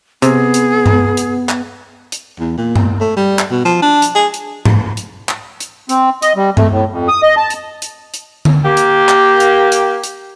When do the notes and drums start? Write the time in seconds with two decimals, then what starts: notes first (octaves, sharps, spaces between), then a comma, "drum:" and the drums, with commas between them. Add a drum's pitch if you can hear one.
0.22 C3 B3 G#4, drum: hi-hat
0.54 drum: hi-hat
0.86 drum: tom G2
1.17 drum: hi-hat
1.49 drum: clap
2.12 drum: hi-hat
2.39 E2
2.58 A#2
2.76 drum: tom G2
3.01 A3
3.17 G3
3.39 drum: clap
3.51 B2
3.65 F3
3.82 D4
4.02 drum: hi-hat
4.16 G#4
4.34 drum: hi-hat
4.65 drum: tom G#2
4.97 drum: hi-hat
5.29 drum: clap
5.60 drum: hi-hat
5.89 C4, drum: hi-hat
6.22 D#5, drum: hi-hat
6.36 G3
6.57 A3, drum: tom G2
6.71 A2
6.91 F2
7.08 D#6
7.23 D#5
7.37 A5
7.50 drum: hi-hat
7.82 drum: hi-hat
8.14 drum: hi-hat
8.45 drum: tom D3
8.65 A#3 G4
8.77 drum: hi-hat
9.09 drum: clap
9.40 drum: hi-hat
9.72 drum: hi-hat
10.04 drum: hi-hat